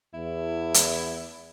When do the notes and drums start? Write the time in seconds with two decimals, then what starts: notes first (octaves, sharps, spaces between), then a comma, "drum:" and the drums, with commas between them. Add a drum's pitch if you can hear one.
0.14 E2 E4
0.74 drum: hi-hat